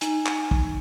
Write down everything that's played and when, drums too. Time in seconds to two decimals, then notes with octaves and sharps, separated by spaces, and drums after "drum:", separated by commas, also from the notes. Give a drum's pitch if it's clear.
0.01 D#4 G#5, drum: hi-hat
0.26 drum: clap
0.51 drum: kick